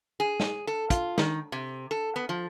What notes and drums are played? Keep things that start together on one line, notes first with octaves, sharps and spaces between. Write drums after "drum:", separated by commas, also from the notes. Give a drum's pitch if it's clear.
G#4
drum: snare
A4
F4, drum: kick, hi-hat
D#3, drum: snare
C3
A4
B3
F3